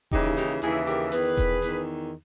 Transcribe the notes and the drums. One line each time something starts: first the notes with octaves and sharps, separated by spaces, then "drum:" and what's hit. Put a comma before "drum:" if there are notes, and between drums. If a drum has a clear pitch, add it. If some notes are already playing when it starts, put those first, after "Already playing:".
D#2 C#3 E3 D#4 G4, drum: kick E1
D#4 G4, drum: hi-hat
D#2 C#3 E3 E4 G#4, drum: hi-hat
G4 A#4, drum: hi-hat
E2 D#3 G#4 B4, drum: open hi-hat
drum: kick E1, hi-hat
E2 D#3, drum: hi-hat